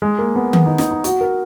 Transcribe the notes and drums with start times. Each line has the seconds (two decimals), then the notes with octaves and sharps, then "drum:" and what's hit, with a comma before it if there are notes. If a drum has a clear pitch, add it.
0.02 G#3
0.19 A#3
0.36 B3
0.53 B3, drum: tom D#3
0.66 D#4
0.78 D#4, drum: snare
0.91 D#4
1.04 F#4, drum: hi-hat
1.21 A#4